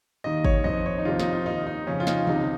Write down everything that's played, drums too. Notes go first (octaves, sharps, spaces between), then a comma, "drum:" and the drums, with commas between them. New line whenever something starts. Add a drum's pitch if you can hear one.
D#2 D#3 D#5
C#5, drum: kick G1
F2 D#3 D#5
C#5
D#4
F2 C3 D#3 F4
D#4, drum: snare
F4
D#2 D#3 D#4
D#4
F2 C#3 F3 C#4
F4
D#4, drum: snare
C#2 C3 D#3 D#4, drum: tom D3